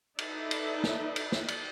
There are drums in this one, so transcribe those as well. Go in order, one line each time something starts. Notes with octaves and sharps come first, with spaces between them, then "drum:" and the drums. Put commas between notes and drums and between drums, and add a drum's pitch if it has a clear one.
D#4 A4 B4 D5 E5, drum: cymbal
drum: cymbal
drum: snare
drum: cymbal
drum: snare
drum: cymbal